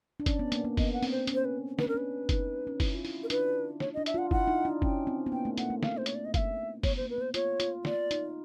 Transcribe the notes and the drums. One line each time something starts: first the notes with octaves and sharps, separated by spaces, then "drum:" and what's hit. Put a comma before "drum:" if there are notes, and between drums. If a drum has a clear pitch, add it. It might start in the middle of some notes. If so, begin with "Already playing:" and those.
D4
C#4 D5, drum: kick F#1, hi-hat
B3
A#3, drum: hi-hat
A#3
B3 D#5, drum: kick F#1, open hi-hat
F#5
C4, drum: open hi-hat
C5
C#4, drum: hi-hat
C5
B4
D4 B4, drum: snare
C#4 A#4
D4 B4
D#4, drum: kick F#1, hi-hat
C#4
E4, drum: kick F#1, open hi-hat
F4
E4, drum: open hi-hat
A#4
D4 B4, drum: hi-hat
C#5, drum: snare
D4 D#5
E5, drum: hi-hat
F4
F#5
E4 F#5, drum: kick F#1
D#4
D4
C#4 G5, drum: kick F#1
C4
B3
A#3 G5
A3
A#3 F#5, drum: hi-hat
A3
F5, drum: snare
C5
C#5, drum: hi-hat
D5
D#5
F5, drum: kick F#1, hi-hat
E5
B3 C#5, drum: kick F#1, open hi-hat
A#3 C5
B4
B3
C5
F4 C#5, drum: hi-hat
F4, drum: hi-hat
D5, drum: snare
D#4, drum: hi-hat